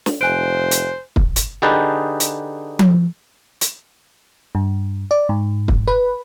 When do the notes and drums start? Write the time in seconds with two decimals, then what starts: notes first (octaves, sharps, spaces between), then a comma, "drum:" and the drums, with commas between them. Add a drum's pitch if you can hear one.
0.06 drum: snare
0.21 F1 C5 G#5 F#6 D7
0.71 drum: hi-hat
1.16 drum: kick
1.36 drum: hi-hat
1.62 D3 D#4 G4 G#4 B4 A5
2.20 drum: hi-hat
2.79 drum: tom F3
3.61 drum: hi-hat
4.55 G2
5.11 D5
5.29 G#2
5.68 drum: kick
5.88 B4